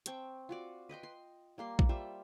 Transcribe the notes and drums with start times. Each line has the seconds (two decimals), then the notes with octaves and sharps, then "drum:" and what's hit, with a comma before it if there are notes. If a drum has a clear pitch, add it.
0.06 C4 G5 A5 C#6, drum: hi-hat
0.49 F4 F#4 D5
0.89 B4 D#5 G5 C6
1.03 C6
1.58 G3 A#3 C6
1.79 drum: kick A#1
1.89 G3 F4 C5 E5